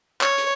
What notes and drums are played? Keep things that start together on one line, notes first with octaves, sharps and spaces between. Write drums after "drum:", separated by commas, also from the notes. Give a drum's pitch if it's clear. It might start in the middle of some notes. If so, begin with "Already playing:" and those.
C#5, drum: clap
drum: hi-hat